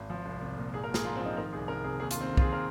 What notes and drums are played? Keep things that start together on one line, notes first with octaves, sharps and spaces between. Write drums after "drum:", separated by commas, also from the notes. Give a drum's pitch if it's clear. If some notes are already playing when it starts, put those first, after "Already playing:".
Already playing: G#1
F3
C2
C2
A#2
G#2 G#4
A#4
A#1
G#4, drum: snare
G#2 F4
C4
F3 D#4
D#3 A#4
C2 G#4
C2 A#4
C3 G#4
D#2 G#4
F4, drum: hi-hat
D#3 C4
D#3
F4, drum: kick B1
G#4
A#4